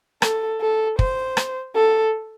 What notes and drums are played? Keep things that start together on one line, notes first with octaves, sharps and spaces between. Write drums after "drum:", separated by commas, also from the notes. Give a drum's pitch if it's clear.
A4, drum: rim click
A4
C5, drum: kick
drum: rim click
A4